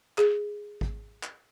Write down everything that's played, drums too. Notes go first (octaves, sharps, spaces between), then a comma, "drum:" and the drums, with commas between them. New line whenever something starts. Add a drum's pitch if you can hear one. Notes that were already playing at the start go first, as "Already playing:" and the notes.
G#4, drum: clap
drum: kick G#1
drum: clap